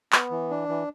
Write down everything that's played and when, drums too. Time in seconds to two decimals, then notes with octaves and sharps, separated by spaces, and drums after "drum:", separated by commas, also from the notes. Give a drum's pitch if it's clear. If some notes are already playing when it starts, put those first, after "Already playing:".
0.13 B3, drum: clap
0.31 E3
0.50 D4
0.69 E3